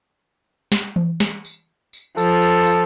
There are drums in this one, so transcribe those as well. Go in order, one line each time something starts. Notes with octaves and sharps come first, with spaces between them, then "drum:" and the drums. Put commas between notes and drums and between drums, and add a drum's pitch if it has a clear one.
drum: snare
drum: tom E3
drum: snare
drum: tambourine
drum: tambourine
F3 A4, drum: tambourine
drum: tambourine
drum: tambourine